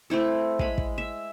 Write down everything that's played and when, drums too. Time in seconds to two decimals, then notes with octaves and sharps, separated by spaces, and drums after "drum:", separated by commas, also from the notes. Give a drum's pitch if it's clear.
0.10 A3 C4 E4 A4
0.59 G#3 B5, drum: kick
0.78 drum: kick
0.98 E5